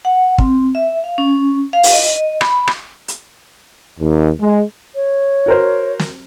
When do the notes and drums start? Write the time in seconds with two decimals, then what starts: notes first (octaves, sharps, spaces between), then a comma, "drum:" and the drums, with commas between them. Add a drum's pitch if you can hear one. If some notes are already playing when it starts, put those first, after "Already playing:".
0.05 F#5
0.38 C4, drum: kick
0.75 E5
1.04 F5
1.18 C#4
1.73 F5
1.83 drum: open hi-hat
1.93 D#5
2.16 D#5
2.41 B5, drum: rim click
2.68 drum: rim click
3.08 drum: hi-hat
3.99 D#2
4.41 G#3
4.95 C#5
5.46 F#4 A#4 C5
5.99 drum: snare